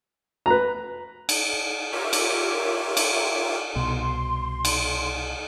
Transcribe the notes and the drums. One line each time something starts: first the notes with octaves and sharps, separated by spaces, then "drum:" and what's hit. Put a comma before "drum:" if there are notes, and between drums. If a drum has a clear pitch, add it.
B4 A#5
drum: cymbal
F4 G4 A#4 C#5 E5 D6
drum: cymbal
drum: cymbal
C2 B2 C6
drum: cymbal